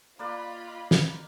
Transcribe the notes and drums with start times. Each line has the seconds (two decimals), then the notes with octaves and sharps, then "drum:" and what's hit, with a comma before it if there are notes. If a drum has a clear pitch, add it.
0.19 A#3 F4 B4 D5 D#5 B5
0.91 drum: snare